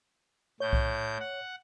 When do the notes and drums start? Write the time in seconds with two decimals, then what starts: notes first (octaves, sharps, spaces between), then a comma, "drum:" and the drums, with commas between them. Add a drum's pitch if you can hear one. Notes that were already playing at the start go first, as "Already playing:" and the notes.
0.60 A2 C#5 G6
0.73 drum: kick B1
1.20 F#5